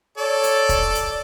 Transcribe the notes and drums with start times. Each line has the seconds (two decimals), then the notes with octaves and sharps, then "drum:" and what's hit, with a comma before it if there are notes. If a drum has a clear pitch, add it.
0.18 A4 C#5 D5
0.43 drum: hi-hat
0.69 drum: kick, hi-hat
0.95 drum: hi-hat